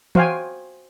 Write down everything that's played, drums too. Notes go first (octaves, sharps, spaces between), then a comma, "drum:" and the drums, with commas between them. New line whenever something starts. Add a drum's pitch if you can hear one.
F#4 C5 F5 G5 G#5, drum: tom E3